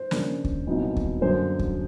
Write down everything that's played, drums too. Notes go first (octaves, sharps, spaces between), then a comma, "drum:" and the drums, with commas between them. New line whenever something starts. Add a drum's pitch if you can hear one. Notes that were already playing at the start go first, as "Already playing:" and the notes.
Already playing: C5
C#3 F3 A#3 D4, drum: snare
drum: kick D2
C2 A#2 F#3 B3 D#4
drum: kick D2
F#2 D3 F#3 A#3 C5
drum: kick D2